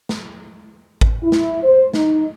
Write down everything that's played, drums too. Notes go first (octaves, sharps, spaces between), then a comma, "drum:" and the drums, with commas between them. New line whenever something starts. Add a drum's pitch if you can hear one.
drum: snare
drum: kick G#1
E4
drum: snare
C5
D#4, drum: snare